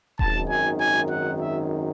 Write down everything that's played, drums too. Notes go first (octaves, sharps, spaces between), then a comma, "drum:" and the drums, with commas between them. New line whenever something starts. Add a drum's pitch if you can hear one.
G#1 F#2 D#3 A5, drum: kick D#1
G#5
G#5
F#5
E5